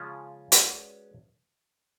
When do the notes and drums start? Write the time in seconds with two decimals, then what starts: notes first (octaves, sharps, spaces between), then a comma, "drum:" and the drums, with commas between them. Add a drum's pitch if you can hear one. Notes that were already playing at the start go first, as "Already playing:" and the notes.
Already playing: C#3 F3 G#3 C#4 F4
0.52 G#3 C#4 F#4 B4 D5, drum: hi-hat